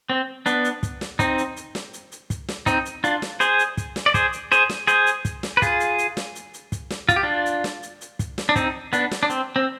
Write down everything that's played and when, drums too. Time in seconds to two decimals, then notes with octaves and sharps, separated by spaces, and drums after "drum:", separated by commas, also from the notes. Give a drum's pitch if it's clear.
0.10 C4
0.46 B3 D4, drum: hi-hat
0.64 drum: hi-hat
0.83 drum: kick, hi-hat
1.01 drum: snare
1.19 C4 D#4, drum: kick, hi-hat
1.38 drum: hi-hat
1.56 drum: hi-hat
1.75 drum: snare
1.93 drum: hi-hat
2.12 drum: hi-hat
2.30 drum: kick, hi-hat
2.48 drum: snare
2.66 C4 D#4, drum: kick, hi-hat
2.85 drum: hi-hat
3.04 D4 F4, drum: hi-hat
3.22 drum: snare
3.40 G#4 C5, drum: hi-hat
3.59 drum: hi-hat
3.77 drum: kick, hi-hat
3.96 drum: snare
4.06 D5
4.14 G#4 C5, drum: kick, hi-hat
4.33 drum: hi-hat
4.52 G#4 C5, drum: hi-hat
4.69 drum: snare
4.87 G#4 C5, drum: hi-hat
5.06 drum: hi-hat
5.25 drum: kick, hi-hat
5.43 drum: snare
5.57 B4
5.62 F4 G#4, drum: kick, hi-hat
5.80 drum: hi-hat
5.98 drum: hi-hat
6.17 drum: snare
6.35 drum: hi-hat
6.54 drum: hi-hat
6.72 drum: kick, hi-hat
6.90 drum: snare
7.09 F4, drum: kick, hi-hat
7.16 G4
7.23 D4 F4
7.46 drum: hi-hat
7.64 drum: snare
7.83 drum: hi-hat
8.01 drum: hi-hat
8.19 drum: kick, hi-hat
8.38 drum: snare
8.49 D4
8.56 C4 D#4, drum: kick, hi-hat
8.93 B3 D4, drum: hi-hat
9.11 drum: snare
9.23 D4
9.30 C4, drum: hi-hat
9.56 C4